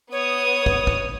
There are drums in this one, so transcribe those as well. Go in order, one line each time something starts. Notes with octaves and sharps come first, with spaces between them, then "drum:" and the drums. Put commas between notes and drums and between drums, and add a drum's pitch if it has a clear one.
B3 C#5 D#6
drum: kick
drum: kick